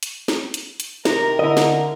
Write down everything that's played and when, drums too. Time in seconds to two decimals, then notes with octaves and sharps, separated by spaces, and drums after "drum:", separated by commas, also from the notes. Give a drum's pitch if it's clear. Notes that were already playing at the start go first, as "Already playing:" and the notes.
0.03 drum: hi-hat
0.28 drum: snare
0.54 drum: hi-hat
0.80 drum: hi-hat
1.05 C3 D#3 A#4 A#5, drum: snare
1.39 D3 E4 D#5
1.57 drum: snare